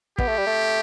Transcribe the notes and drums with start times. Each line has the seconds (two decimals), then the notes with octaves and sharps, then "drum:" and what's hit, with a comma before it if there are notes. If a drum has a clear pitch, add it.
0.18 B3 G4, drum: kick
0.28 A3
0.37 G3
0.47 A3